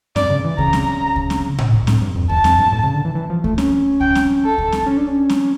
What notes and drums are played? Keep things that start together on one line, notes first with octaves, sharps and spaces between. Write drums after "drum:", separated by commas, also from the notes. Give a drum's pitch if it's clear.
G2 D5, drum: snare C4
C#3
E3
C#3 A#5, drum: kick C#2
drum: snare C4
drum: kick C#2
drum: snare C4
drum: tom A2
drum: kick C#2
A2, drum: snare C4
G2
F2
E2 A5, drum: kick C#2
F2, drum: snare C4
G2
A2
C#3
D3
E3
E3
F3
A3, drum: kick C#2
C#4, drum: snare C4
G5, drum: kick C#2
drum: snare C4
A4
drum: kick C#2
drum: snare C4
C#4
D4
C#4
drum: snare C4